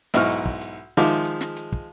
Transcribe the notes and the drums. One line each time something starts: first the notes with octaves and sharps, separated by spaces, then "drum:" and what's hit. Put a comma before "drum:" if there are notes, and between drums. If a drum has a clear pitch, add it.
B1 G#2 D#4 E4 C#6 F6, drum: snare
drum: hi-hat
drum: kick
drum: hi-hat
D#3 F3 G#3 E5 F5 D6
drum: hi-hat
drum: snare
drum: hi-hat
drum: kick